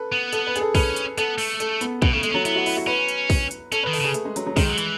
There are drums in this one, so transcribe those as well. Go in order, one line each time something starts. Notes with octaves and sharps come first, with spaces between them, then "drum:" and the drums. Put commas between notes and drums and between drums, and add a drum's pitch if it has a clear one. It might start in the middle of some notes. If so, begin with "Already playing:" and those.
Already playing: A4 B4
B3
A4, drum: hi-hat
B4
G#4, drum: hi-hat
A4
C#4 B4, drum: kick, open hi-hat
drum: hi-hat
B3 A4, drum: hi-hat
A3, drum: open hi-hat
A4, drum: hi-hat
B3, drum: hi-hat
B2, drum: kick
C#3 A3
G#3 A3, drum: hi-hat
C#4
F#3 B3
B3 E4, drum: hi-hat
F#4
E4, drum: open hi-hat
F#4
C#4 B4
drum: hi-hat
drum: kick, open hi-hat
drum: hi-hat
C#4 A4, drum: hi-hat
B4
D#3
A4, drum: open hi-hat
C#3 G#4
A3, drum: hi-hat
G#3
F#3, drum: hi-hat
F#3
D#3 G#3, drum: kick, open hi-hat
F#3
E3, drum: hi-hat